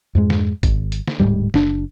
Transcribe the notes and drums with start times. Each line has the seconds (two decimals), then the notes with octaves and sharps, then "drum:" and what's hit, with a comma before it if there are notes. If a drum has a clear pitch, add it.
0.15 F2 G#2 G#3
0.30 drum: snare
0.63 G#1, drum: kick G1, hi-hat
0.92 drum: hi-hat
1.08 drum: snare
1.20 D1 C#2 G#2 G3
1.54 F#1 D4, drum: snare